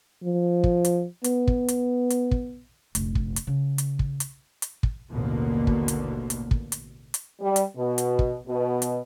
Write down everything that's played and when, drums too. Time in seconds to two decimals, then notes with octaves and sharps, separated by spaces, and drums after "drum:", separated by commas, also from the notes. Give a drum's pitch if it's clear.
0.23 F3
0.64 drum: kick
0.85 drum: hi-hat
1.24 B3, drum: hi-hat
1.47 drum: kick
1.68 drum: hi-hat
2.10 drum: hi-hat
2.31 drum: kick
2.95 F1 A#1, drum: hi-hat
3.15 drum: kick
3.36 drum: hi-hat
3.47 C#3
3.78 drum: hi-hat
3.99 drum: kick
4.20 drum: hi-hat
4.62 drum: hi-hat
4.83 drum: kick
5.11 A1 D#2 B2 D3 A#3
5.67 drum: kick
5.88 drum: hi-hat
6.30 drum: hi-hat
6.51 drum: kick
6.72 drum: hi-hat
7.14 drum: hi-hat
7.41 G3
7.56 drum: hi-hat
7.77 B2
7.98 drum: hi-hat
8.19 drum: kick
8.48 B2
8.82 drum: hi-hat